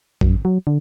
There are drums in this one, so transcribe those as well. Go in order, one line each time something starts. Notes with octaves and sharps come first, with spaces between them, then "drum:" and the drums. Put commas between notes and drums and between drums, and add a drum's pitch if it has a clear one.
F#2, drum: kick A1
F#3
D3